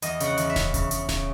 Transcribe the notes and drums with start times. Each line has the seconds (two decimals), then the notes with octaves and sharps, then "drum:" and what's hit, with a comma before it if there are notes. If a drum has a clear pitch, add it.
0.02 E2 D#5, drum: hi-hat
0.20 C#3, drum: hi-hat
0.26 F#5
0.38 E2, drum: hi-hat
0.50 E5
0.56 C#3, drum: snare D1
0.74 C#3, drum: kick F1, hi-hat
0.91 C#3, drum: hi-hat
1.09 C#3, drum: snare D1